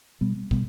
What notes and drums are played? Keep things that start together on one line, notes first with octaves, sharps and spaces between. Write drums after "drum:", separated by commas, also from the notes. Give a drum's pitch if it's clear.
B2 G3 B3
B2 G3 B3, drum: kick